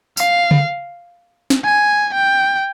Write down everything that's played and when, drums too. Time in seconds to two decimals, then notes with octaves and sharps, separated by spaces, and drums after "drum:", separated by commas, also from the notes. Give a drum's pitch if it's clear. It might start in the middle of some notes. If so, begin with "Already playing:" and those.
0.17 F5, drum: tambourine
0.51 drum: tom C#3
1.50 drum: snare
1.64 G#5
2.14 G5